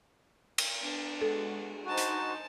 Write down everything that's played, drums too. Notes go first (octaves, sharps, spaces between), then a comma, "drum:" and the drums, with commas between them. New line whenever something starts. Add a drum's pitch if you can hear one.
drum: cymbal
B3 D4
G#3 F#4 A4
D#4 F#4 C5 G#5 A5
drum: hi-hat